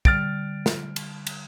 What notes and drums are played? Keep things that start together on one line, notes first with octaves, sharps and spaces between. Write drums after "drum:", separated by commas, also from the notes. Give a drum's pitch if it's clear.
D3 G3 F6 A6 D7, drum: kick
drum: snare
drum: cymbal
drum: cymbal